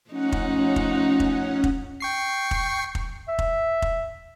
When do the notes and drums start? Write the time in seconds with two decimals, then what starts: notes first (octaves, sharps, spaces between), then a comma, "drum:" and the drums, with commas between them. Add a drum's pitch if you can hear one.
0.11 F3 A3 C#4 D#4 F#5
0.32 drum: kick F1
0.76 drum: kick F1
1.20 drum: kick F1
1.64 drum: kick F1
2.00 G5 C#6 C7
2.51 drum: kick F1
2.95 drum: kick F1
3.28 E5
3.39 drum: kick F1
3.82 drum: kick F1